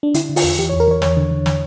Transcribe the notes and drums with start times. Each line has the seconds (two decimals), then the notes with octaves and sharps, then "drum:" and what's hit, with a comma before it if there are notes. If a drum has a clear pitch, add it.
0.03 D4
0.14 D3 E4, drum: hi-hat
0.29 D3
0.36 F4, drum: open hi-hat
0.43 E2
0.58 E3 G4
0.69 C#5
0.73 E2
0.80 A#4
0.87 E3 C#5
1.02 E2 C#5, drum: snare
1.17 D3
1.31 D3
1.46 drum: snare